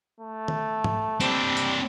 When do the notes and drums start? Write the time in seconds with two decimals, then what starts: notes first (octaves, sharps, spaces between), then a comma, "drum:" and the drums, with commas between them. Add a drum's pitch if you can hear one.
0.20 A3
0.48 drum: tom D#3
0.84 drum: tom
1.21 G3 C4 D4, drum: hi-hat
1.57 drum: hi-hat